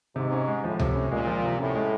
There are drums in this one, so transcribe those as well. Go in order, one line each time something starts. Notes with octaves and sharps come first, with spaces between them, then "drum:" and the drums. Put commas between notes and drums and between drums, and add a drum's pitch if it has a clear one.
G#2 C3
C#4
G#3
A2 F3
C3, drum: tom C#2
C#4
A#2 G#3
F3
C3
A2 C#4
G#3